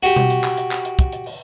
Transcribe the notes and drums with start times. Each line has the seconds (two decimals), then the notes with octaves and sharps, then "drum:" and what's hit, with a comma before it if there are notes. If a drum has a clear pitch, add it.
0.03 F#4 G4, drum: hi-hat
0.16 drum: tom B2
0.30 drum: hi-hat
0.44 drum: clap
0.58 drum: hi-hat
0.71 drum: clap
0.85 drum: hi-hat
0.99 drum: kick, hi-hat
1.12 drum: hi-hat
1.26 drum: open hi-hat